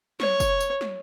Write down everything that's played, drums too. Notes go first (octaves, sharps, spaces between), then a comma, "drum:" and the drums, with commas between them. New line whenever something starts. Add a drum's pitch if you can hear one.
C#5, drum: snare
drum: kick F#1, tambourine
drum: tambourine
drum: snare